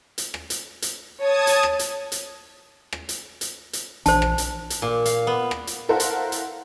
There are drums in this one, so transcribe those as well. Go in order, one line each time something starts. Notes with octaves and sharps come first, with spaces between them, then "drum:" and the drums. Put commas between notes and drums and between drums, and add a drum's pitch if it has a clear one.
drum: hi-hat
drum: rim click
drum: hi-hat
drum: hi-hat
C#5 A5 D#6 G#6
drum: hi-hat
drum: rim click
drum: hi-hat
drum: hi-hat
drum: rim click
drum: hi-hat
drum: hi-hat
drum: hi-hat
A#1 E3 D4 C5 A5, drum: hi-hat
drum: rim click
drum: hi-hat
drum: hi-hat
A#2
F5, drum: hi-hat
B3
drum: rim click
drum: hi-hat
E4 A4 A#4 C5 F5 F#5
drum: hi-hat
drum: hi-hat